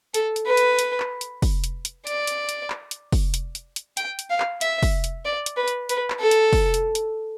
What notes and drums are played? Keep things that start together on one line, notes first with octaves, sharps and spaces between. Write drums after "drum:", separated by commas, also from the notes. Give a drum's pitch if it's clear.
A4, drum: hi-hat
drum: hi-hat
B4
drum: hi-hat
drum: hi-hat
drum: clap
drum: hi-hat
drum: kick, open hi-hat
drum: hi-hat
drum: hi-hat
D5, drum: hi-hat
drum: hi-hat
drum: hi-hat
drum: clap
drum: hi-hat
drum: kick, open hi-hat
drum: hi-hat
drum: hi-hat
drum: hi-hat
G5, drum: hi-hat
drum: hi-hat
F5
drum: clap
E5, drum: hi-hat
drum: kick, open hi-hat
drum: hi-hat
D5
drum: hi-hat
B4
drum: hi-hat
B4, drum: hi-hat
drum: clap
A4
drum: hi-hat
drum: kick, open hi-hat
drum: hi-hat
drum: hi-hat